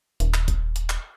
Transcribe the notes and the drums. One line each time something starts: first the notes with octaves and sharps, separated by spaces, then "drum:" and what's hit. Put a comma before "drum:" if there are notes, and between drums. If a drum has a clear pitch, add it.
D#1, drum: hi-hat
drum: clap
drum: kick G#1, hi-hat
drum: hi-hat
drum: clap